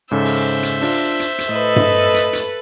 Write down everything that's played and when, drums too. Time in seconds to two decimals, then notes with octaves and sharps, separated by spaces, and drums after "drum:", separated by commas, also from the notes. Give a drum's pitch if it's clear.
0.11 G#2 C#3 A4 C5 E5
0.25 drum: open hi-hat
0.63 drum: hi-hat
0.82 D4 F4, drum: open hi-hat
1.20 drum: hi-hat
1.38 drum: hi-hat
1.49 A2 A4 B4 D#5
1.76 drum: tom G2
2.14 drum: hi-hat
2.33 drum: hi-hat